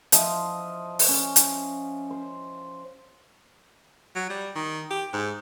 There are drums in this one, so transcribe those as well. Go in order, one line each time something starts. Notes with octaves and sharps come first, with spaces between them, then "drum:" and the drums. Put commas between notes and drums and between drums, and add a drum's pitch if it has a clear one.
F3 D#5 E5, drum: hi-hat
drum: open hi-hat
C#4
drum: hi-hat
C5
F#3
G3
D#3
G4
G#2